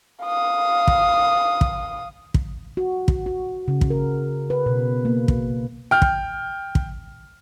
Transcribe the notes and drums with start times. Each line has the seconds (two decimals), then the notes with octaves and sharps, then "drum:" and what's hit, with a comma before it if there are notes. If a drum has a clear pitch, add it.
0.24 F5 D#6
0.87 drum: kick
1.61 drum: kick
2.34 drum: kick
2.77 F#4
3.08 drum: kick
3.26 F#4
3.68 C#3
3.81 drum: kick
3.90 A#4
4.50 B4
4.66 B2
5.05 A#3
5.28 drum: kick
5.91 G5 F6
6.02 drum: kick
6.75 drum: kick